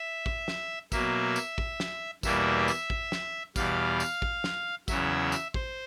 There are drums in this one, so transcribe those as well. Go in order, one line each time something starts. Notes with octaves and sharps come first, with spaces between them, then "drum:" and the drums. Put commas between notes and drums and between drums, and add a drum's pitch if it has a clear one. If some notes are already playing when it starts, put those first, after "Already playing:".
Already playing: E5
drum: kick
drum: snare
B2 F#3 A#3 E5, drum: kick, tambourine
drum: tambourine
drum: kick
drum: snare
E2 B2 G3 A#3 E5, drum: kick, tambourine
drum: tambourine
drum: kick
drum: snare
E2 B2 G3 F5, drum: kick, tambourine
drum: tambourine
drum: kick
drum: snare
E2 C#3 F#3 E5, drum: kick, tambourine
drum: tambourine
C5, drum: kick